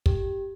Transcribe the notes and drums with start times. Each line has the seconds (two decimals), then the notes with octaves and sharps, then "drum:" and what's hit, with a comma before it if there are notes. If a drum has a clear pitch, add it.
0.06 G4, drum: kick